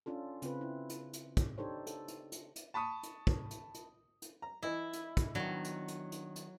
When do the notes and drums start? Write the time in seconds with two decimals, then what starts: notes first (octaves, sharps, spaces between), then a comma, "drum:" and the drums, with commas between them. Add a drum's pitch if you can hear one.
0.06 C#4 D4 F4 A4
0.42 C#3 C4 F4 B4, drum: hi-hat
0.61 E4
0.89 drum: hi-hat
1.13 drum: hi-hat
1.37 drum: kick, hi-hat
1.58 D4 D#4 G4 A4 C5 C#5
1.87 A4, drum: hi-hat
2.08 drum: hi-hat
2.32 drum: hi-hat
2.56 drum: hi-hat
2.74 A5 B5 C#6 D#6
3.03 drum: hi-hat
3.27 drum: kick
3.51 drum: hi-hat
3.74 drum: hi-hat
4.22 drum: hi-hat
4.42 A#5
4.63 E3 E4 D#5
4.93 drum: hi-hat
5.17 drum: kick, hi-hat
5.35 D#3 F#3 B3 D4
5.64 drum: hi-hat
5.88 drum: hi-hat
6.12 drum: hi-hat
6.36 drum: hi-hat